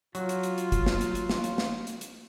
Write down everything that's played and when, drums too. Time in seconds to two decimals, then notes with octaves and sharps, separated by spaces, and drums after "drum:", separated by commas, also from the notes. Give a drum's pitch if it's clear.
0.15 F#3 F4, drum: hi-hat
0.29 drum: hi-hat
0.43 drum: hi-hat
0.58 drum: hi-hat
0.72 drum: kick, hi-hat
0.86 drum: snare
1.01 drum: hi-hat
1.15 drum: hi-hat
1.29 drum: snare
1.44 drum: hi-hat
1.58 drum: snare
1.87 drum: hi-hat
2.01 drum: hi-hat